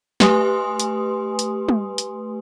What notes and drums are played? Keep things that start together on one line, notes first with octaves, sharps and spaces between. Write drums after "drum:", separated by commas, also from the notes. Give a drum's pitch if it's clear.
A3 G4 B4 G#5 C6 D#6, drum: snare
drum: hi-hat
drum: hi-hat
drum: tom
drum: hi-hat